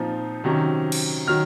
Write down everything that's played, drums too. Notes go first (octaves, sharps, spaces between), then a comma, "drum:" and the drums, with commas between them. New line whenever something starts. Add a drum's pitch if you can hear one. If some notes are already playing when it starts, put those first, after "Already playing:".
Already playing: A#2 F3 C4 D#4
C3 D#3 F#3 C#4
drum: cymbal
D#3 F#3 F6